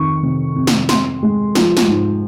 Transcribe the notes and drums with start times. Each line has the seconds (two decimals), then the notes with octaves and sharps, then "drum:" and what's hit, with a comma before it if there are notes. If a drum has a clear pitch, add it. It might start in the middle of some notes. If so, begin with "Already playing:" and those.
Already playing: F2 D#3 C#6
0.23 C3
0.56 F2
0.67 drum: snare
0.89 C4 C6, drum: snare
1.23 G#3
1.55 F3, drum: snare
1.77 drum: snare
1.87 G#2